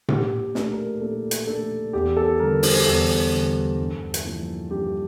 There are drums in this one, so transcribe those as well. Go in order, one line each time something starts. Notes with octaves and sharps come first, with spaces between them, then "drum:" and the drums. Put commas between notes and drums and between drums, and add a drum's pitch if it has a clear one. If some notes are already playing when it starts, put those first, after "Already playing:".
A#2 G4, drum: tom A2
A3 D4, drum: snare
A#4
A#2 A4
drum: hi-hat
A3 D4 A4
E2 G4
A4
D3 G3 A#4
C5, drum: open hi-hat
E2 A4
D3 G3
G2
drum: hi-hat
F3 A#3 E4
G2 G4